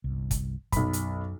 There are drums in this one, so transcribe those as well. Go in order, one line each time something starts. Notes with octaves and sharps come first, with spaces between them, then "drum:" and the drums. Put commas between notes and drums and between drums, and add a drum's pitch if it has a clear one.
G1 C2
drum: kick, hi-hat
B1 F#2 B5, drum: kick, hi-hat
drum: hi-hat